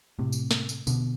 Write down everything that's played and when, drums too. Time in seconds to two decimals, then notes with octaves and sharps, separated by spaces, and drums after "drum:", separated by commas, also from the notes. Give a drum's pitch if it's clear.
0.19 A2 C3
0.32 drum: tambourine
0.51 drum: snare
0.69 drum: tambourine
0.87 B2 D3, drum: tambourine